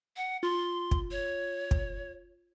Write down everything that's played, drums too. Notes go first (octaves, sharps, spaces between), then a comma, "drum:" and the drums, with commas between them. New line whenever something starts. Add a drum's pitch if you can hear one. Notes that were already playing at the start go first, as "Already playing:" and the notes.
F#5
F4 C6
drum: kick
C#5
drum: kick